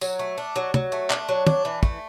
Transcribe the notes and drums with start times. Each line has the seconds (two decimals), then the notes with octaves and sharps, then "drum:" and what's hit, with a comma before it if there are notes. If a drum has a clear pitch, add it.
0.01 F#3, drum: tambourine
0.19 A3
0.38 D4
0.56 F#3
0.74 F#3, drum: tom
0.92 A3
1.10 D4, drum: clap
1.29 F#3
1.47 D4, drum: tom
1.65 E3
1.83 A3, drum: kick